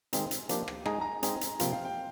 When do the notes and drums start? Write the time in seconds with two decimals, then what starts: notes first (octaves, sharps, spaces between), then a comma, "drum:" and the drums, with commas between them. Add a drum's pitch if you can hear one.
0.13 D#3 G#3 C4 D#4, drum: hi-hat
0.31 drum: hi-hat
0.49 F3 A#3 D4 G4, drum: hi-hat
0.68 drum: rim click
0.86 G#3 D#4 G#4 A#5, drum: rim click
0.94 G#5
1.01 A#5
1.23 G#3 C4 D#4 G#4 G#5, drum: hi-hat
1.41 drum: hi-hat
1.60 C3 F3 A#3 F4 G5, drum: hi-hat
1.72 F5
1.85 G5